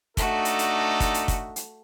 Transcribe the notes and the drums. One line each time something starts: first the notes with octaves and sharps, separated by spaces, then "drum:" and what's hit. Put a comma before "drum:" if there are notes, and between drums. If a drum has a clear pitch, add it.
A3 D4 D#4 F#4 A4, drum: kick, hi-hat
drum: hi-hat
drum: hi-hat
drum: kick, hi-hat
drum: hi-hat
drum: kick, hi-hat
drum: hi-hat